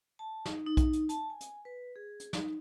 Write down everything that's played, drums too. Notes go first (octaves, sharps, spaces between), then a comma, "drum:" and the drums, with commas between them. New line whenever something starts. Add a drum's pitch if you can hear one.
A5
D#4, drum: snare
D#4
drum: kick B1, hi-hat
drum: hi-hat
A5, drum: hi-hat
G#5
drum: hi-hat
B4
G#4
drum: hi-hat
D#4, drum: snare